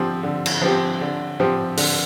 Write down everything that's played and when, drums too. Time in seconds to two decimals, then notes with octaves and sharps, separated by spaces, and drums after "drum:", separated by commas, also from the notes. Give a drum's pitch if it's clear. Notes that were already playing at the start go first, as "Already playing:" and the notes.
Already playing: D3 F3 C4 G4
0.23 D3
0.46 drum: cymbal
0.62 F3 C4 G4
1.01 D3
1.40 F3 C4 G4
1.77 D3, drum: open hi-hat